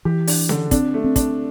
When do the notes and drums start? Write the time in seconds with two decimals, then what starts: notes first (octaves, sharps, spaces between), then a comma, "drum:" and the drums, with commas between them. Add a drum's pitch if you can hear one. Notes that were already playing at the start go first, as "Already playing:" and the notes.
0.05 E3 G4
0.27 D4, drum: open hi-hat
0.49 D3, drum: snare C#4
0.71 C4 D4, drum: kick, hi-hat
0.94 A3
1.04 C4
1.16 D4, drum: kick, hi-hat